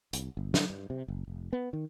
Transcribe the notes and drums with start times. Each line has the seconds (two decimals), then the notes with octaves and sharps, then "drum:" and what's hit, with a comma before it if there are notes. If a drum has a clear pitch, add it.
0.13 C2, drum: hi-hat
0.37 G1
0.54 D3, drum: snare
0.70 G2
0.90 C3
1.08 F#1
1.28 F1
1.53 B3
1.73 D#3